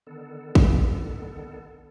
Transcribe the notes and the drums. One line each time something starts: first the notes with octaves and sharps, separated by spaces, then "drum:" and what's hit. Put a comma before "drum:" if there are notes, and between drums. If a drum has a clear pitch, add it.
D3 D#3 B3 A4
drum: kick A1